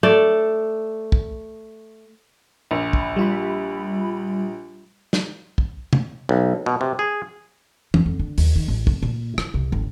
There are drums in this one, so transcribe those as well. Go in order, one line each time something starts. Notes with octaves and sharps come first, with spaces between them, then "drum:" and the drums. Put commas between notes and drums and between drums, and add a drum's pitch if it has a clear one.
A3 A4 D5
drum: kick
A#1 B5
drum: kick
G3 F4 B5
drum: snare
drum: kick
drum: tom C3
B1
B2
C3
G#4
F2, drum: tom
F2
D3
D#2, drum: open hi-hat
D#3
A1
F1, drum: kick
A#2
E4, drum: rim click
C2
G1